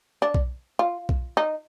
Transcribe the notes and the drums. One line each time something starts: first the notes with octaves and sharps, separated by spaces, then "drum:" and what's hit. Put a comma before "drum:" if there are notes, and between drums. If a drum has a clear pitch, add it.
D4
drum: kick B1
F4
drum: kick B1
D#4